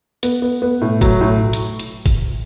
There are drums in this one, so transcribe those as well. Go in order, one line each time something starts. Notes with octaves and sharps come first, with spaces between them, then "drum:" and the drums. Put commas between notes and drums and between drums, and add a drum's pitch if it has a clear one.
B3, drum: hi-hat
B3
B3
A2
F#3, drum: kick F#1, hi-hat
A2
drum: hi-hat
drum: hi-hat
drum: kick F#1, hi-hat